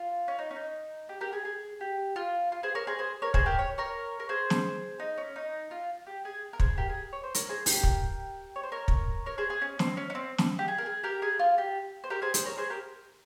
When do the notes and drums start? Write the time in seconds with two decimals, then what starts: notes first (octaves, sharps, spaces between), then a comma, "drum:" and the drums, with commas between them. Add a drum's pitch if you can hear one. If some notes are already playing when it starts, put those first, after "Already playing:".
Already playing: F4
0.28 C#4
0.39 D#4
0.51 C#4
0.56 D#4
1.09 G4
1.21 G4 A#4
1.33 G#4
1.45 G#4
1.81 G4
2.16 F4
2.52 F4
2.63 G#4 C5
2.75 A#4 C#5
2.87 G#4 C5
2.99 G#4 C5
3.22 A#4 C#5
3.34 G#4 C5, drum: kick
3.46 G4 A#4
3.59 C#5
3.78 A#4 C#5
4.20 A#4
4.29 G#4 C5
4.50 drum: snare
5.00 D#4
5.18 C#4
5.36 D#4
5.71 F4
6.06 G4
6.25 G#4
6.53 A#4
6.60 G#4 C5, drum: kick
6.78 G4 A#4
6.89 G#4
7.13 C#5
7.24 C5
7.35 A#4 C#5, drum: hi-hat
7.49 G#4 C5
7.66 G4 A#4, drum: open hi-hat
7.83 drum: kick
8.56 C#5
8.63 C5
8.72 A#4 C#5
8.88 drum: kick
9.26 A#4 C#5
9.38 G#4 C5
9.50 G#4
9.62 C#4
9.79 C4, drum: snare
9.97 C#4
10.10 C#4
10.15 C4
10.38 drum: snare
10.59 G4
10.68 G#4
10.78 A#4
10.86 G#4
11.03 G4 A#4
11.22 G#4
11.39 F4
11.58 G4
12.04 C5
12.10 G4 A#4
12.22 G#4 C5
12.34 G#4 C5, drum: hi-hat
12.45 A#4 C#5
12.58 G#4 C5
12.70 G4 A#4